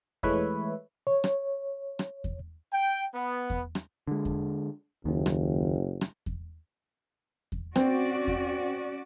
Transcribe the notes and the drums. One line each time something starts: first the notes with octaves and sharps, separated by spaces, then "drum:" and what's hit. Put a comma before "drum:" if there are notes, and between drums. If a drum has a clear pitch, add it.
E3 G#3 A3 B4 C#5 E5, drum: kick E2
C#5
drum: rim click
drum: rim click
drum: kick E2
G5
B3
drum: kick E2
drum: rim click
D3 G#3
drum: kick E2
F#1 D#2 D#3
drum: rim click
drum: rim click
drum: kick E2
drum: kick E2
C4 C#4 F#4 D5, drum: rim click
drum: kick E2